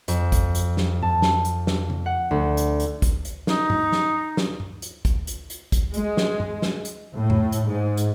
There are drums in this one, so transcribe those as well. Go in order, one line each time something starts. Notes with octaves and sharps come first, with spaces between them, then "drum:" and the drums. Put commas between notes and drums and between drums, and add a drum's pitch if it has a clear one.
F2, drum: hi-hat
drum: kick, hi-hat
drum: hi-hat
drum: snare
A5, drum: tom G2
drum: snare
drum: hi-hat
drum: snare
drum: tom C#3
F#5
D2
drum: hi-hat
drum: hi-hat
drum: kick, hi-hat
drum: hi-hat
D#4, drum: snare
drum: tom G2
drum: snare
drum: snare
drum: tom G2
drum: hi-hat
drum: kick, hi-hat
drum: hi-hat
drum: hi-hat
drum: kick, hi-hat
G#3, drum: hi-hat
drum: snare
drum: tom G2
drum: snare
drum: hi-hat
A2
drum: tom F2
drum: hi-hat
G#2
drum: hi-hat